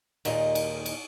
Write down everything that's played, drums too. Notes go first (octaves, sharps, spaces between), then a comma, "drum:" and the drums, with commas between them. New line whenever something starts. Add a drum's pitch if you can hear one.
D#2 A#2 D#3 G#3 D#5, drum: cymbal
drum: cymbal
drum: cymbal